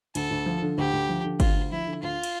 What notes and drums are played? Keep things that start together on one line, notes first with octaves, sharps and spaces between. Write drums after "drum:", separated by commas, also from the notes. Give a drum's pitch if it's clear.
D2 A4, drum: cymbal
D2
F3
D3
D2 G4
D2
F3
D3
D2 F4, drum: kick G1, cymbal
D2
F3 E4
D3
D2 F4
drum: cymbal